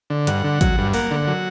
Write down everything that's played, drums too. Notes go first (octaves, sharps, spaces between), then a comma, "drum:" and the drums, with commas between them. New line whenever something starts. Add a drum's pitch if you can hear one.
D3
G2 F#5, drum: hi-hat
D3
F#3, drum: kick, hi-hat
G2
A#3 F#5, drum: open hi-hat
D3
F#3